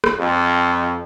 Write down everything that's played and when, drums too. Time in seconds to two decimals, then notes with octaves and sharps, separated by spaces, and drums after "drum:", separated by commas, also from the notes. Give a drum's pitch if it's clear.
0.04 drum: rim click
0.19 F2